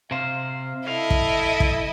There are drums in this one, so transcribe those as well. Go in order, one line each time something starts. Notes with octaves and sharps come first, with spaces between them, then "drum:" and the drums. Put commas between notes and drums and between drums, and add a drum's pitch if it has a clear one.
C3 C5 F5
E4 A4 D#5 F5
drum: kick
drum: kick